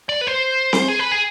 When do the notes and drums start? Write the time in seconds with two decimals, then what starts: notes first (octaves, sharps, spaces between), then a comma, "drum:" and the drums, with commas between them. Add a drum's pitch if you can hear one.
0.09 D5
0.21 B4
0.27 C5
0.73 drum: snare C4
0.88 G#4
0.99 B4
1.12 G#4